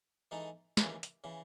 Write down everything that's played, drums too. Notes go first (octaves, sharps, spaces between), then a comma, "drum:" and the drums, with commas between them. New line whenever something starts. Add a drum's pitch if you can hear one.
E3 G#3 D#4 A4
D#2 C#3 E3, drum: snare
drum: hi-hat
C#3 E3